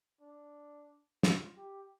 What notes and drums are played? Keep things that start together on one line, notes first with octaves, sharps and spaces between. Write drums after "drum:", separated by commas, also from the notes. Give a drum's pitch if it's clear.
D4
F4, drum: snare
G4